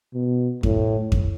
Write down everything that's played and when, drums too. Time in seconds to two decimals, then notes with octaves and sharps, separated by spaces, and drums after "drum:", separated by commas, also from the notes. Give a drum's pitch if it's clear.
0.14 B2
0.63 A2, drum: kick F2
1.12 drum: kick F2